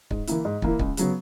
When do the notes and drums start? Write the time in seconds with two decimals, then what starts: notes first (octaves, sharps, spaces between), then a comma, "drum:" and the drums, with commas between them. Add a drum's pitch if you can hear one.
0.11 G#2, drum: kick
0.27 E3 A#3 E4, drum: hi-hat
0.45 G#2
0.62 E3 A#3 E4, drum: kick
0.79 C#2, drum: kick
0.97 C#3 F#3 B3, drum: hi-hat